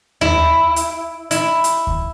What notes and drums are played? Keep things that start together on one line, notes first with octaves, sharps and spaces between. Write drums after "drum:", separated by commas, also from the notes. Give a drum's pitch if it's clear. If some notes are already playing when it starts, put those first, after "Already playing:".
E4, drum: tom D#2
drum: hi-hat
E4, drum: hi-hat
drum: hi-hat
drum: kick D2